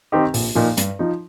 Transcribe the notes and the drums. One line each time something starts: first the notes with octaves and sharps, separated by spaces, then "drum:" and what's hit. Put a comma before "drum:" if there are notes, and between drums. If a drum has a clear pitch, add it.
D#3 C4 D#4 G4
A#1, drum: open hi-hat
A#2 F3 D#4
G2, drum: hi-hat
F3 D#4